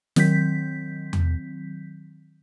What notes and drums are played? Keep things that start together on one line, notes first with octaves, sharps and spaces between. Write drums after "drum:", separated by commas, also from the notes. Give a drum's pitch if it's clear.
D#3 F#3 C4 G6 B6, drum: snare
drum: tom E2